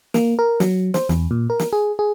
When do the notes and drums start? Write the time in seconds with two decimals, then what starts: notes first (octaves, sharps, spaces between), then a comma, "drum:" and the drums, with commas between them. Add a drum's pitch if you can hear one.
0.14 A#3, drum: snare
0.39 A#4
0.60 F#3, drum: snare
0.94 C5, drum: snare
1.09 E2, drum: snare
1.31 A#2
1.50 A#4
1.59 drum: snare
1.73 G#4
1.99 G#4